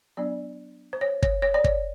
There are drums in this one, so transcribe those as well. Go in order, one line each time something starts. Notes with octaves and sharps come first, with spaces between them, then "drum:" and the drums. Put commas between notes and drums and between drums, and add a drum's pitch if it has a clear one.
F#3 B3 D4 D5
C5
C#5
C#5, drum: kick
C#5
D5
C#5, drum: kick